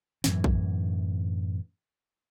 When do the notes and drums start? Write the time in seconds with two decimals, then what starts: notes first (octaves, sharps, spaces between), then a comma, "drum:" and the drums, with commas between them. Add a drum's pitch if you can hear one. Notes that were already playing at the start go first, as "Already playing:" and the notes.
0.24 F#2 A2 E3, drum: snare
0.44 drum: kick A#1